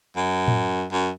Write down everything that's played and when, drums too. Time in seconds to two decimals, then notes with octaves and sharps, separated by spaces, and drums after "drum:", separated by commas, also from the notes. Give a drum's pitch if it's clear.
0.16 F#2
0.48 drum: tom A2
0.92 F#2